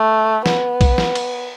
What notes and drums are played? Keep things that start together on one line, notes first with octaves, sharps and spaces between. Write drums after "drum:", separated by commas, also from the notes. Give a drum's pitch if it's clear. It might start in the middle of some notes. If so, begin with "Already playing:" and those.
Already playing: A3
B3, drum: snare
drum: kick B1, cymbal
drum: snare
drum: cymbal